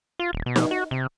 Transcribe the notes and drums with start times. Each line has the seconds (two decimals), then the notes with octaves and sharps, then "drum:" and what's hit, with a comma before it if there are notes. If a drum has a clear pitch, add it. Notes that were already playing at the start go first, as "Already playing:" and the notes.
0.19 F4
0.33 D#1
0.46 B2
0.56 drum: snare
0.71 F#4
0.91 C3